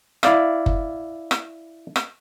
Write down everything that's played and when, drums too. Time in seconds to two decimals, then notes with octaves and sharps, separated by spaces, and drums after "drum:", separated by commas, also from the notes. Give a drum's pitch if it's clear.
0.23 E4 D5 F5, drum: rim click
0.66 drum: kick F#1
1.31 drum: rim click
1.96 drum: rim click